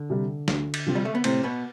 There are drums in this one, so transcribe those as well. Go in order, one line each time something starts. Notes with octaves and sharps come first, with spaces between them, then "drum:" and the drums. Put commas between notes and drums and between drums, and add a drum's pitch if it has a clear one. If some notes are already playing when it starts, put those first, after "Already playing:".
Already playing: D3
C3 G3
D2, drum: snare
drum: cymbal
C3 F3 C4
G3
A3
B3
A2 C3 C4, drum: cymbal
B2 B3